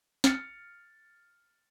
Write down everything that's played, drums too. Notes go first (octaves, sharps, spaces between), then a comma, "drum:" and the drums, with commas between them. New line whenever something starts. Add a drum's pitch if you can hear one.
F6 A6 C#7, drum: snare